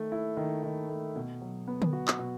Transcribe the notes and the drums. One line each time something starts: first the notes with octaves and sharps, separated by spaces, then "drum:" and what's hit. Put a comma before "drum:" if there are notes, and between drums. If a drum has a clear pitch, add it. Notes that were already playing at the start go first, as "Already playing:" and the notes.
Already playing: D#3 A3
E4
D#3
D#3
A3
B2
F#3
B3
drum: tom D3
F#4
drum: clap
B2